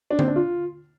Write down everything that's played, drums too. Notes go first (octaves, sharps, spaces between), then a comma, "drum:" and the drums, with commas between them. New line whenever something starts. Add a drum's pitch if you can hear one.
D4
C4, drum: tom D3
D4
F4